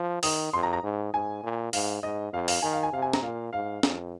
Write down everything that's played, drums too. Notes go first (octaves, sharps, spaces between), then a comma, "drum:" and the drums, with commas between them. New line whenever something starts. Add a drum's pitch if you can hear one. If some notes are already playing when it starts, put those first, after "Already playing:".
Already playing: F3
D#3 D#6, drum: open hi-hat
F2 C6
A#5
A#5
G#2
G#2 G#5
A#2
G#2 F5, drum: open hi-hat
G#2 D#5
F2 F5
F5, drum: open hi-hat
D#3 G#5
F5
G#5
C3 F5
G#5
A#5, drum: snare
A#2 F5
G#2 F5
F2, drum: snare